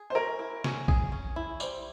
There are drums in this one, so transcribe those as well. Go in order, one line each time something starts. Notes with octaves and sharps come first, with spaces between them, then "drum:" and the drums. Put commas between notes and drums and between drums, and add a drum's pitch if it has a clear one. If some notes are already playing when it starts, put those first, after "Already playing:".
Already playing: G#4
C5
C#4 A#4
E4
C#4, drum: snare
G#4, drum: kick A#1
C#4
E4
G3 C5, drum: tambourine